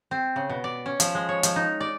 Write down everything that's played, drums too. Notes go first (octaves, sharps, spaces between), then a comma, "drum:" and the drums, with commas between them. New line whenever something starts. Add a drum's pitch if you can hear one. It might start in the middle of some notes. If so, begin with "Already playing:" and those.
C4
C#3
B2
D5
C#4
F3, drum: hi-hat
G#3
C#5
F3, drum: hi-hat
D#4
D5